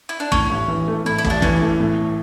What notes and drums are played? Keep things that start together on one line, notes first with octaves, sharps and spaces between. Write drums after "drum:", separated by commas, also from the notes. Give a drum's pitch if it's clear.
E4
D4
A2 C#4, drum: kick
A1
E3
A3
A2 E4
E4
A1, drum: kick
D4
E3 C#4, drum: kick
A3
A2